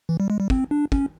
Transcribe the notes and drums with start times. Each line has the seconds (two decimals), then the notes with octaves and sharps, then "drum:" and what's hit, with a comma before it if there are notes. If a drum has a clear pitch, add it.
0.09 E3
0.20 G3
0.30 G#3
0.40 G3
0.50 C4, drum: kick
0.71 D4
0.92 C#4, drum: kick